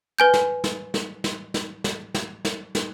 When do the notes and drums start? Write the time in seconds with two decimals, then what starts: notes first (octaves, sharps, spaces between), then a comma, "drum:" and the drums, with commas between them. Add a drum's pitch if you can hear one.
0.19 B4 G#5 G6
0.34 drum: snare
0.64 drum: snare
0.94 drum: snare
1.24 drum: snare
1.54 drum: snare
1.84 drum: snare
2.14 drum: snare
2.45 drum: snare
2.75 drum: snare